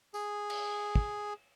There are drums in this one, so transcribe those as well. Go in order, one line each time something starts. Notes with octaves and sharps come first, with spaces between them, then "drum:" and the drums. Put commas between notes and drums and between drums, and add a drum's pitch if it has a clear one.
G#4, drum: tambourine
drum: cymbal
drum: kick